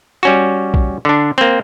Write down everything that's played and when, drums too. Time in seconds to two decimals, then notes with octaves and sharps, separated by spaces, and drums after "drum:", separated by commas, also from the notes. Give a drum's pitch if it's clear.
0.23 G3 C#4 F#4
0.74 drum: kick A#1
1.05 D3 D4
1.38 A#3 C4